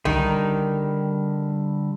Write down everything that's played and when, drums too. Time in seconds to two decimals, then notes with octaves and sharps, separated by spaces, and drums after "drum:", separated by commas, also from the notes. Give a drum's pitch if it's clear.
0.05 D3 D#3 G3 A#5, drum: tom C2